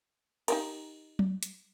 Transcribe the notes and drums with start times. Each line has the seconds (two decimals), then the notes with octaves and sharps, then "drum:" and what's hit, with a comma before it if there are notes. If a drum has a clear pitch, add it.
0.48 D#4 G4 A#4, drum: cymbal
1.19 drum: tom F#3
1.43 drum: hi-hat